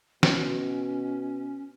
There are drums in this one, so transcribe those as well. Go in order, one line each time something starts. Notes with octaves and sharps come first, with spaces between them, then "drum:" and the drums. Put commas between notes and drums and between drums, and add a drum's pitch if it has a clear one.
B2 C#4, drum: snare